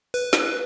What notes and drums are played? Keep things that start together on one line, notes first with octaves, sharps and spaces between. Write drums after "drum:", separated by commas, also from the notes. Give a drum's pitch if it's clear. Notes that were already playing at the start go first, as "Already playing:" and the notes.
B4, drum: open hi-hat
drum: snare